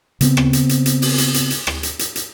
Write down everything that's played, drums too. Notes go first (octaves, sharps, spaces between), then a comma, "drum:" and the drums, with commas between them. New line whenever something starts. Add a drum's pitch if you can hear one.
C#3 B3 C4, drum: hi-hat
drum: rim click
drum: hi-hat
drum: hi-hat
drum: hi-hat
drum: open hi-hat
drum: hi-hat
drum: hi-hat
drum: hi-hat
drum: rim click
drum: hi-hat
drum: hi-hat
drum: hi-hat